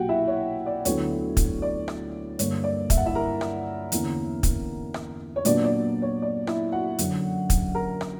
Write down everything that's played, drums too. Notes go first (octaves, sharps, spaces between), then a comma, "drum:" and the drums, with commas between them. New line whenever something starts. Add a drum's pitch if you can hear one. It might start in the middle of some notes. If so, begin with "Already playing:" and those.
Already playing: B1 A#2 A#3 F#4 G4 F#5 G5
E4 E5
C#5
D5
D2 D3 F#3 B3 E4 C#5, drum: hi-hat
drum: kick, hi-hat
D5
drum: rim click
G2 D3 A#3 C#5, drum: hi-hat
D5
E5, drum: kick, hi-hat
F#5
E4 E5
A#4 A#5
drum: rim click
E2 D3 A#3 C#4 E4, drum: hi-hat
drum: kick, hi-hat
drum: rim click
C#5
A#2 F#3 B3 D4 D5, drum: hi-hat
D5
C#5
D5
E4 E5, drum: rim click
F#4 F#5
F#2 D3 F#3 C#4, drum: hi-hat
drum: kick, hi-hat
A#4 A#5
drum: rim click